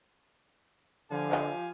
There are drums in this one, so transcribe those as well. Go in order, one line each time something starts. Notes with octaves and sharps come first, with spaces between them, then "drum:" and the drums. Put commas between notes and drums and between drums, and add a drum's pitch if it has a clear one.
D3 F3 G4 F5 G#5
drum: clap